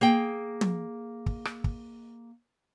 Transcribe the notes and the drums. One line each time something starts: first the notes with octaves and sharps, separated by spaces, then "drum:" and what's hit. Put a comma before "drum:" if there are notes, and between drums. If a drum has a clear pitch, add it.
A#3 G#4 G5
drum: tom
drum: kick
drum: rim click
drum: kick